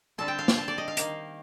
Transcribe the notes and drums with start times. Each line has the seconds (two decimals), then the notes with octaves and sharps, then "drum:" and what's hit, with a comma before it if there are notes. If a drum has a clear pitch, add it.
0.18 D3 G3 C4 A5
0.28 G5
0.39 F5
0.48 G5, drum: snare
0.57 A5
0.68 D5
0.78 D#5
0.88 F5
0.97 D#3 A#3, drum: hi-hat